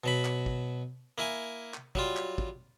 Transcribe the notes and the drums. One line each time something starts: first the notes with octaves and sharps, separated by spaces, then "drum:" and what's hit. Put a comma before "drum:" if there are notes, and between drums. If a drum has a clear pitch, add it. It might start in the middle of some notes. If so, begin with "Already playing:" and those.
B2 F#3 B5
drum: clap
drum: kick
A#3 E4 G#5
drum: clap
F#3 G3 F4, drum: kick
drum: clap
drum: kick